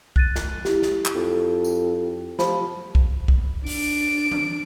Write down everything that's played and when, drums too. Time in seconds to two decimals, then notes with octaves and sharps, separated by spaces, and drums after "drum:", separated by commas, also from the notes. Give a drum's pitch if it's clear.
0.16 F#6 A6 D#7, drum: kick
0.36 drum: snare
0.65 E4 G4, drum: snare
0.82 drum: snare
1.05 drum: clap
1.15 F2
1.64 drum: tambourine
2.39 F3 F4 G4 B5, drum: snare
2.95 drum: kick
3.28 drum: kick
3.67 D4 D7, drum: open hi-hat
4.32 drum: tom E3